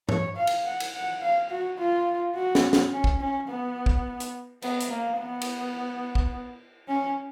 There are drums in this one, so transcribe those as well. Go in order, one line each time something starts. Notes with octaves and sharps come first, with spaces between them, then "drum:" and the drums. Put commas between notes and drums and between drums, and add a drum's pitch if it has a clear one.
C#5, drum: tom G2
F5
drum: cymbal
F#5
drum: cymbal
F#5
F5
F#4
F4
F#4
drum: snare
drum: snare
C#4
drum: kick
C#4
B3
drum: kick
drum: hi-hat
B3, drum: cymbal
drum: hi-hat
A#3
B3
drum: cymbal
drum: kick
C#4